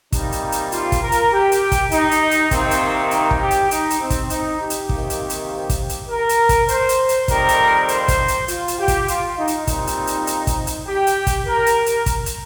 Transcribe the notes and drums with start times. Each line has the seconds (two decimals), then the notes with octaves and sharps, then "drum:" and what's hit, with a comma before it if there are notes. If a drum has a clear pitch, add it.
0.12 C3 G3 A#3 D#4, drum: kick, hi-hat
0.32 drum: hi-hat
0.52 drum: hi-hat
0.72 F4, drum: hi-hat
0.92 drum: kick, hi-hat
1.02 A#4
1.12 drum: hi-hat
1.32 G4
1.52 drum: hi-hat
1.72 drum: kick, hi-hat
1.91 D#4, drum: hi-hat
2.11 drum: hi-hat
2.31 drum: hi-hat
2.51 C3 D#3 A#3 C4, drum: kick, hi-hat
2.71 drum: hi-hat
3.11 D#4, drum: hi-hat
3.31 drum: kick
3.41 G4
3.51 drum: hi-hat
3.71 D#4, drum: hi-hat
3.90 drum: hi-hat
4.00 C4
4.10 drum: kick, hi-hat
4.30 D#4, drum: hi-hat
4.60 G4
4.70 drum: hi-hat
4.89 C3 D#3 A#3, drum: kick
5.10 drum: hi-hat
5.30 drum: hi-hat
5.50 G4
5.69 drum: kick, hi-hat
5.89 drum: hi-hat
6.09 A#4
6.29 drum: hi-hat
6.49 drum: kick, hi-hat
6.68 C5, drum: hi-hat
6.89 drum: hi-hat
7.09 drum: hi-hat
7.28 F2 D#3 G3 A#4, drum: kick, hi-hat
7.49 drum: hi-hat
7.88 C5, drum: hi-hat
8.08 drum: kick, hi-hat
8.28 drum: hi-hat
8.48 F4, drum: hi-hat
8.68 drum: hi-hat
8.78 G4
8.88 drum: kick, hi-hat
9.08 F4, drum: hi-hat
9.38 D#4
9.48 drum: hi-hat
9.67 A#2 G3 C4 D#4, drum: kick, hi-hat
9.87 drum: hi-hat
10.07 drum: hi-hat
10.27 drum: hi-hat
10.47 drum: kick, hi-hat
10.67 drum: hi-hat
10.87 G4
11.07 drum: hi-hat
11.27 drum: kick, hi-hat
11.46 A#4
11.66 drum: hi-hat
11.86 drum: hi-hat
12.06 drum: kick, hi-hat
12.26 drum: hi-hat